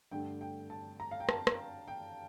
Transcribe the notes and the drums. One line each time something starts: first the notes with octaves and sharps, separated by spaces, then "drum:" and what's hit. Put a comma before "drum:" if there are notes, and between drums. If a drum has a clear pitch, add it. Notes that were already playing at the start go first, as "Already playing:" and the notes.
G2 D3 A3 G5
G5
A5
A#5
F5
G5
A5, drum: rim click
drum: rim click
G5